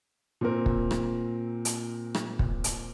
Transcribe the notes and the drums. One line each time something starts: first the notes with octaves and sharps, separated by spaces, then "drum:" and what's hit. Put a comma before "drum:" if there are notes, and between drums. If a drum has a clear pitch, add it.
A#2 C4 A#4
drum: kick
drum: rim click
drum: hi-hat
drum: rim click
drum: kick
drum: hi-hat